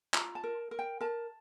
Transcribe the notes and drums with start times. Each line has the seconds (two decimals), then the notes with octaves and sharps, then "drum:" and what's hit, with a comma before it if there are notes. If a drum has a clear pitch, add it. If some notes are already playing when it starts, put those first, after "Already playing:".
0.14 F4 A#5, drum: clap
0.35 A5
0.44 A#4
0.71 A#4
0.79 G5
1.01 A#4 A5